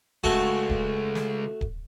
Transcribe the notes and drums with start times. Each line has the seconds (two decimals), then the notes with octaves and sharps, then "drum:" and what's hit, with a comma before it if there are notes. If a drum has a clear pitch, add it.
0.24 C#2 A3 F#4, drum: kick D1
0.69 drum: kick D1
1.15 drum: snare
1.61 drum: kick D1